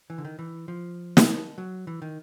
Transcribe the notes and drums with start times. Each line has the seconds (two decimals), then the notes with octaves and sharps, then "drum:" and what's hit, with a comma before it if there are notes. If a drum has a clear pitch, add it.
0.10 E3
0.18 D3
0.25 D#3
0.39 E3
0.68 F3
1.17 drum: snare
1.58 F#3
1.87 E3
2.02 D#3